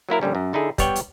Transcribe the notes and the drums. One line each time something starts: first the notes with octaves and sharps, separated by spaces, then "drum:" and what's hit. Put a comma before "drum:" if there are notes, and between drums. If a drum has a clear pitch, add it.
F#3 A#3 E4 A#4
A#1 D3 G3 C#4
F#2
D3 D#4 E4 G#4 A4
G3 B3 C#5 D5 G5, drum: kick, hi-hat
drum: hi-hat